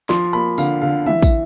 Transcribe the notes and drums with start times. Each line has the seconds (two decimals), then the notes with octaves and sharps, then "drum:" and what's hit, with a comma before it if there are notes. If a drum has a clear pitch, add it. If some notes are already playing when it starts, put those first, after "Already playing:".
0.09 F3 C6, drum: snare
0.33 A#3 B5
0.58 D3 F5, drum: tambourine
0.82 D3 F5
1.06 E3 E5, drum: tom
1.22 drum: kick, tambourine